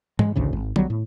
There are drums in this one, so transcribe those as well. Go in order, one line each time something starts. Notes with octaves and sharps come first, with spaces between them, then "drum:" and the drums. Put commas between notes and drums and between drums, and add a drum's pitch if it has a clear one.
G#3, drum: tom G#2
A1 D2 A2 C#3
G#1
B1 F#3 G3, drum: tom
A2